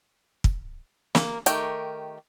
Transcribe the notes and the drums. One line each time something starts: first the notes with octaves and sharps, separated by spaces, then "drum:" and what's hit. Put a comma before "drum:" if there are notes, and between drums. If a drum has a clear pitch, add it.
drum: kick
A#3, drum: snare
D#3 A3 G4 A#4, drum: hi-hat